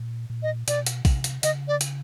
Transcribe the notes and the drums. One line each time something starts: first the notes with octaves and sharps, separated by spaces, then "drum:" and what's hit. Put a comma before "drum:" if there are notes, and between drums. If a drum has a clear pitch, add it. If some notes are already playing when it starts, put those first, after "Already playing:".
Already playing: A#2
A#2
D#5
B2 D5, drum: hi-hat
drum: hi-hat
C3, drum: kick A#1, open hi-hat
drum: hi-hat
C#3 D#5, drum: hi-hat
D5
drum: hi-hat